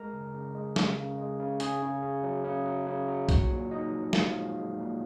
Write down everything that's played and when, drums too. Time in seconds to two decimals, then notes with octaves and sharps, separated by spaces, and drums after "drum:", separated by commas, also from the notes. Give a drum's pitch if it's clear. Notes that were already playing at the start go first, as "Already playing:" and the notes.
Already playing: G#3 A#4 A#5
0.13 C#3
0.34 C#3
0.55 G#3
0.76 C#3, drum: snare
0.97 C#3
1.18 G#3
1.40 C#3
1.60 C#3 G#4 G#5, drum: hi-hat
1.82 C#3
2.02 C#3
2.23 F#3
2.44 C#3
2.66 F#3
2.87 C#3
3.08 F#3
3.29 A#2 F#4 F#5, drum: kick B1, hi-hat
3.50 A#2
3.71 A#2 D#4 D#5
3.92 F3
4.13 F3 F4 F5, drum: snare
4.34 G#3
4.56 G#3
4.77 A#2